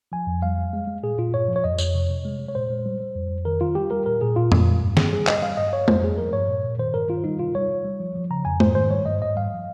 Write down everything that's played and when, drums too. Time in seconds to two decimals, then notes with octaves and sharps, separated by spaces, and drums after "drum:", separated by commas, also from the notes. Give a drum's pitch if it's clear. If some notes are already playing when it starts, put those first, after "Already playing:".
0.12 F3 G#5
0.27 F2
0.42 G3 F5
0.58 G3
0.73 G#3
0.88 G#3
1.03 A#2 G#4
1.18 A#2 F4
1.33 G2 C#5
1.48 F3
1.56 C#5
1.64 F2 D#5
1.78 F2 C#5, drum: tambourine
1.94 C3
2.10 C3
2.25 G#3
2.39 G#3
2.48 C#5
2.55 A#2 C5
2.70 G#3
2.85 G3
3.01 G3
3.16 F2
3.30 F2
3.45 D#3 A#4
3.61 D#3 F4
3.75 G3 G4
3.91 G3 A#4
4.06 A#2 A#4
4.21 A#2 G#4
4.36 A#2 F4
4.52 G#3, drum: tom F2
4.66 G3
4.82 G2
4.97 G3 G#4, drum: snare
5.12 G3 G#4
5.27 G3 D#5, drum: clap
5.38 D#5
5.43 G3 F5
5.57 G2 D#5
5.73 G2 C#5
5.88 F2 C5, drum: tom G#3
6.02 G3 G#4
6.18 F3 A#4
6.33 G2 C#5
6.48 A#2
6.64 A#2
6.79 D#3 C5
6.93 G2 A#4
7.09 D#3 F4
7.24 G3 D#4
7.39 C3 F4
7.55 G3 C#5
7.70 G3
7.84 G3
8.00 F3
8.15 F3
8.30 C#3 A#5
8.45 F2 G#5
8.60 G#2 C5, drum: tom G#3
8.75 D#3 C5
8.90 G3 C#5
9.06 G2 D#5
9.21 G#2 D#5
9.36 G3 F5
9.52 F3